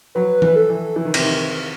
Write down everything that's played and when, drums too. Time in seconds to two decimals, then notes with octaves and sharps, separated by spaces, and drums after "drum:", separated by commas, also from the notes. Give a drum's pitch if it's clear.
0.15 F#3 B4
0.42 E3 B4, drum: tom E3
0.56 A4
0.70 E3
0.96 E3 E4
1.05 D#3
1.14 C3, drum: cymbal
1.24 D#3